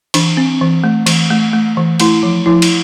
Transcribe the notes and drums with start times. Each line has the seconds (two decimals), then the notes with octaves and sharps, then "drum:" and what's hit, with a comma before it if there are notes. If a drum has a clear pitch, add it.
0.14 E3 D4, drum: cymbal
0.37 C4
0.61 E3
0.84 A3
1.07 E3, drum: cymbal
1.30 A3
1.53 A3
1.77 E3
2.00 A3 E4, drum: cymbal
2.23 F3
2.46 F3 E4
2.62 drum: cymbal